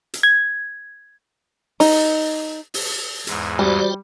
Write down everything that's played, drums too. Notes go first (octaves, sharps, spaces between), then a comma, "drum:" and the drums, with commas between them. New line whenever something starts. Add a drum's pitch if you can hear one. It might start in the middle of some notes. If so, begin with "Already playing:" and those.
drum: hi-hat
G#6
D#4, drum: open hi-hat
drum: open hi-hat
E2 G#2, drum: hi-hat
G3 F#4 C5 D5